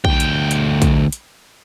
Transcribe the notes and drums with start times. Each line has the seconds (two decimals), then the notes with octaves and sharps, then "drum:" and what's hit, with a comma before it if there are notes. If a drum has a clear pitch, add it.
0.05 D2 G5, drum: kick
0.20 drum: hi-hat
0.51 drum: hi-hat
0.82 drum: kick, hi-hat
1.12 drum: hi-hat